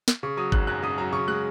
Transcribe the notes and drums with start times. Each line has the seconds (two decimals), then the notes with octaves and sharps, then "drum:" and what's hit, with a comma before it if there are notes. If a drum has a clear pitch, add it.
0.08 drum: snare
0.23 C#3 C#6
0.37 F#3 D#6
0.52 G#1 F#6, drum: kick
0.67 F#2 F#6
0.82 C#3 D#6
0.98 F#3 A#5
1.13 C#3 C#6
1.28 G#3 F#6